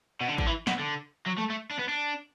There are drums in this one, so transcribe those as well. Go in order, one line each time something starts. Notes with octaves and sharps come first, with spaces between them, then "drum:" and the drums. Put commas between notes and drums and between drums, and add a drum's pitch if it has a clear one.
B2
D3
D3, drum: kick G#1
E3
B2, drum: snare
D3
F#3
A3
A3
D4
B3
D4